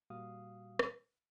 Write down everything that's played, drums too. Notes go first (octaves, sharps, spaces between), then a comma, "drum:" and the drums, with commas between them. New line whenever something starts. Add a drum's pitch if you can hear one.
A#2 G3 F#4 F5 D#6
drum: rim click